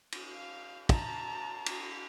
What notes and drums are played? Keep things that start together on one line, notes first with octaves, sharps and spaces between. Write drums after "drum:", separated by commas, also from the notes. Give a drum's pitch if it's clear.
drum: cymbal
F5
A5 A#5, drum: kick, cymbal
drum: cymbal